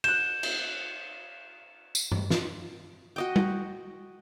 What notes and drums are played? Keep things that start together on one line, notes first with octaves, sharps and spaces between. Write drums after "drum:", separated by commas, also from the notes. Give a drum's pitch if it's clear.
F#6 G6 E7, drum: cymbal
drum: cymbal
drum: tambourine
drum: tom G2
drum: snare
F#4 D#5 G5
drum: tom G3